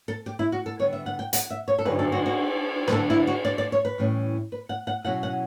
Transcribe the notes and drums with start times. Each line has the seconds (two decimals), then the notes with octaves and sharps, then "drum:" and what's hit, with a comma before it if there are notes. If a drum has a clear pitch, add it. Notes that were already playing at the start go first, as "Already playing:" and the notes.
0.08 A4
0.26 G4
0.39 E4
0.52 F#4
0.66 A4
0.79 D3 G3 B3 C#5
0.93 E5
1.06 F#5
1.19 G5
1.33 F#5, drum: hi-hat
1.50 E5
1.68 C#5
1.78 A4
1.85 G2 D3 F#3 B4, drum: cymbal
1.99 A4
2.12 F#4
2.26 F#4
2.87 B4, drum: rim click
2.92 D3 F#3 B3 D4 A4
3.10 E4
3.27 F#4
3.45 D5
3.58 D5
3.72 C#5
3.85 B4
3.98 A2 E3 G3 C#4
4.52 B4
4.69 F#5
4.87 F#5
5.05 B2 F#3 C#4 E4 F#5
5.23 F#5